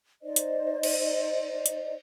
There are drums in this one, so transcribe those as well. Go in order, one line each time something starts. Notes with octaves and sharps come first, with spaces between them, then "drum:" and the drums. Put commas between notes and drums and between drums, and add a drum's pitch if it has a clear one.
D#4 C5 D5 D#5
drum: hi-hat
drum: cymbal
drum: hi-hat